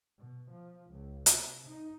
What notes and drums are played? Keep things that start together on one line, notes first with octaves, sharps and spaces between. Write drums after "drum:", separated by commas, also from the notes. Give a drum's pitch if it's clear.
B2
F3
C#2
C3, drum: hi-hat
D#4